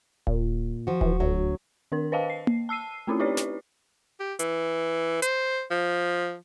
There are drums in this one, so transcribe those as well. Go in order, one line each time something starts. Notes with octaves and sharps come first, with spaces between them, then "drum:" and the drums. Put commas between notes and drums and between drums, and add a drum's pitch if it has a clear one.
A#2, drum: kick D#1
F3 F#4
E3, drum: kick D#1
D2 F#3
D#3 D4 A#4
B4 C5 D#5 F5 G5 A5
C7
drum: tom A#3
A5 E6 C7 D#7
A3 C4 C#4 E4 F4
D#4 E4 G4 B4 C#5 D5
drum: snare
G4
E3, drum: hi-hat
C5, drum: hi-hat
F3